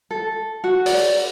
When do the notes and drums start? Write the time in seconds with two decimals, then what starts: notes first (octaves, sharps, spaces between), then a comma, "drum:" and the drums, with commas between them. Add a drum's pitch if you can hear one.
0.11 A4
0.64 F#4
0.86 D5, drum: open hi-hat